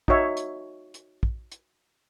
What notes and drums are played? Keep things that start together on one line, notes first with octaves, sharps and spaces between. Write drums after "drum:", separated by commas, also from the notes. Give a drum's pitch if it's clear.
D#4 F#4 C#5 E5, drum: kick
drum: hi-hat
drum: hi-hat
drum: kick
drum: hi-hat